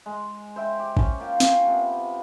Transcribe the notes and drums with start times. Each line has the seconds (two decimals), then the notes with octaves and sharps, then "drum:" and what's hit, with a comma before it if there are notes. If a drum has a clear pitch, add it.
0.06 G#3
0.56 C5 E5 G5
0.79 G4
0.97 C#4, drum: kick G#1
1.19 A#3 F4 G5
1.40 drum: snare
1.66 C3 B3